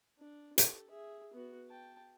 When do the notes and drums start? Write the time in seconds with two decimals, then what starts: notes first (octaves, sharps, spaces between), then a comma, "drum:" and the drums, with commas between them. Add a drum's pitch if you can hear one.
0.18 D4
0.58 G4 A4, drum: hi-hat
0.90 G#4 E5
1.33 B3 F#4
1.69 G5 A5